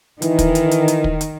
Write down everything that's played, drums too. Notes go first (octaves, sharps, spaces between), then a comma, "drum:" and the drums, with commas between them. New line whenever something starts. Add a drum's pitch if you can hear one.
D#3 E3, drum: hi-hat
drum: kick, hi-hat
drum: hi-hat
drum: hi-hat
drum: hi-hat
drum: kick
drum: hi-hat